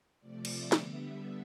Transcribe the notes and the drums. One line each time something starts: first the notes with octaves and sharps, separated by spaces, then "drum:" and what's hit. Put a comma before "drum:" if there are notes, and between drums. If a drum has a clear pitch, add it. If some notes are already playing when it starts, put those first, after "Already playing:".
C3 F3 A3 D5
drum: cymbal
D3 G3 B3 E5, drum: snare